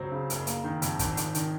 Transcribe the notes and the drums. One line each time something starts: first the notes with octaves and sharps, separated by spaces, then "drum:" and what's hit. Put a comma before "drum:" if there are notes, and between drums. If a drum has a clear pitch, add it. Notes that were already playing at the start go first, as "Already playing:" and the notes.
Already playing: C#2 F#3 C4
C#3
F#1, drum: hi-hat
A#3, drum: hi-hat
D#3
F2, drum: hi-hat
G#1, drum: kick, hi-hat
G#1, drum: hi-hat
D#3, drum: hi-hat